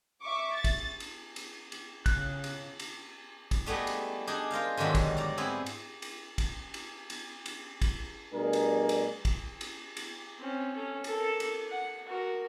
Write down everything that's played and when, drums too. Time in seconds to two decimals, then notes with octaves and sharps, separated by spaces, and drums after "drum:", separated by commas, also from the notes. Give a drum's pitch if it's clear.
0.22 E5 C#6 D6
0.53 A6
0.64 drum: kick, cymbal
1.00 drum: cymbal
1.36 drum: cymbal
1.72 drum: cymbal
2.06 C#3 F#6, drum: kick, cymbal
2.44 drum: cymbal
2.80 drum: cymbal
3.51 drum: kick, cymbal
3.66 G3 A3 B3 G#4 D#5
3.87 drum: cymbal
4.27 D4 D#4 G#4
4.51 F4 A#4 C5 F5
4.77 G#2 B2 D3 D#3 F#3 G3
4.95 drum: kick, cymbal
5.17 D5 A#5
5.38 B3 C4 E4 G#4
5.66 drum: cymbal
6.02 drum: cymbal
6.38 drum: kick, cymbal
6.74 drum: cymbal
7.10 drum: cymbal
7.46 drum: cymbal
7.82 drum: kick, cymbal
8.33 B2 G3 A3 D4 G#4 A#4
8.53 drum: cymbal
8.89 drum: cymbal
9.25 drum: kick, cymbal
9.61 drum: cymbal
9.97 drum: cymbal
10.39 C4 C#4
10.76 C#4 A4
11.04 A4 A#4, drum: cymbal
11.40 drum: cymbal
11.69 F#5
12.07 F#4 A#4